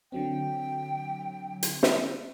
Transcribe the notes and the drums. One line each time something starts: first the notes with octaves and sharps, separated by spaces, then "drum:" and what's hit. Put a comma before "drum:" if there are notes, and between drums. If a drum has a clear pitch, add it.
D3 F#3 C4 G5
drum: hi-hat
drum: snare